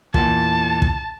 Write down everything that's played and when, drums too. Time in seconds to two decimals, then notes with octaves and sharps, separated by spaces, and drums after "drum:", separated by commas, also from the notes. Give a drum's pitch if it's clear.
0.14 E2 A#2 A5, drum: kick
0.82 drum: kick